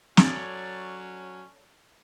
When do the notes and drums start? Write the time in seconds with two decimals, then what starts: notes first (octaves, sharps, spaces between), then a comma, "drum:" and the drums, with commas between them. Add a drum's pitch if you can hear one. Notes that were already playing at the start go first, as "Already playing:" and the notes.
0.17 F#3 C#4 A4 C#5 D5, drum: snare